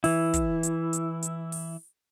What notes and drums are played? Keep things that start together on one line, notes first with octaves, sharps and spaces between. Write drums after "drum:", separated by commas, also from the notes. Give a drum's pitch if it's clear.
E3 E4, drum: open hi-hat
drum: kick, hi-hat
drum: hi-hat
drum: hi-hat
drum: hi-hat
drum: open hi-hat